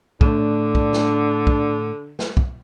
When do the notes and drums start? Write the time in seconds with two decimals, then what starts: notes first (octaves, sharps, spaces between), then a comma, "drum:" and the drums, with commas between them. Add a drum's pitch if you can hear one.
0.21 A2 D3 A3 D4, drum: kick
0.75 drum: kick
0.93 drum: snare
1.47 drum: kick
2.19 drum: snare
2.37 drum: kick